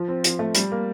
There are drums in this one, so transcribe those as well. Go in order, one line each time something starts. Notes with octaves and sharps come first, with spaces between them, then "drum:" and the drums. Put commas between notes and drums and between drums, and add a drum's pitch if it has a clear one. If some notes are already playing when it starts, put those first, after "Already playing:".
Already playing: F3
C4
F3, drum: hi-hat
A3
G3, drum: hi-hat
A#3